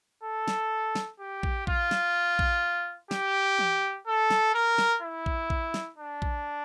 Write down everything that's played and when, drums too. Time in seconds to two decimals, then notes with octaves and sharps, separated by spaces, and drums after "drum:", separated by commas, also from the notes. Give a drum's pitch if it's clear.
0.23 A4
0.48 drum: snare
0.95 drum: snare
1.20 G4
1.43 drum: kick
1.67 F4, drum: kick
1.91 drum: snare
2.39 drum: kick
3.11 G4, drum: snare
3.59 drum: tom E3
4.07 A4
4.30 drum: snare
4.54 A#4
4.78 drum: snare
5.02 E4
5.26 drum: kick
5.50 drum: kick
5.74 drum: snare
5.98 D4
6.22 drum: kick